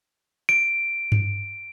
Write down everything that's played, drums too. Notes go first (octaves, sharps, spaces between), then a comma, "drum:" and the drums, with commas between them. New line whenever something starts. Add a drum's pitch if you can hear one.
D7
drum: tom G2